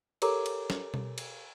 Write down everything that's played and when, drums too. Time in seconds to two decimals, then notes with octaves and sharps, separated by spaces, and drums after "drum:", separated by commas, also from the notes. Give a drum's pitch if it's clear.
0.22 G4 A4 A#4 C#5 A#5 D6, drum: cymbal
0.46 drum: cymbal
0.70 drum: snare
0.94 drum: tom B2
1.18 drum: cymbal